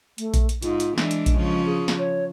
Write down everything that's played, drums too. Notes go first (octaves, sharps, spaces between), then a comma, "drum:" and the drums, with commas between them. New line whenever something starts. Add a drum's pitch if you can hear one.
A3, drum: hi-hat
drum: kick A#1, hi-hat
drum: hi-hat
G#2 F4, drum: hi-hat
drum: hi-hat
E3 G#3 D4, drum: snare
drum: hi-hat
drum: kick A#1, hi-hat
C#3 F3 C#4
G#4
drum: snare
C#5